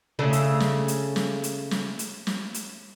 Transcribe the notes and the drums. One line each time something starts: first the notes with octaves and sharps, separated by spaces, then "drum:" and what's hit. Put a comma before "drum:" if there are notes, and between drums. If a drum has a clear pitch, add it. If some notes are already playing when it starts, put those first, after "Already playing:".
C#3 A3 D4
drum: hi-hat
drum: snare
drum: hi-hat
drum: snare
drum: hi-hat
drum: snare
drum: hi-hat
drum: snare
drum: hi-hat